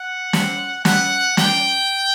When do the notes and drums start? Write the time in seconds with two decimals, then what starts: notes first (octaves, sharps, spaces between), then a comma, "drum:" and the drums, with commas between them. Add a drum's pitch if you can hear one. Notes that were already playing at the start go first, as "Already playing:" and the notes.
Already playing: F#5
0.33 C4 E4 G4, drum: snare
0.85 B3 E4 G4 F#5, drum: snare
1.37 A#3 D4 F4 G5, drum: snare